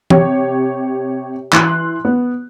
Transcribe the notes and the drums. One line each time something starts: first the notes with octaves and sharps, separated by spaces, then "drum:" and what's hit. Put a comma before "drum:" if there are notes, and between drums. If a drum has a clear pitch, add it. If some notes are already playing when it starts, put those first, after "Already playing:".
C3 G4 C#5, drum: tom E3
E3 C6 F#6, drum: clap
B3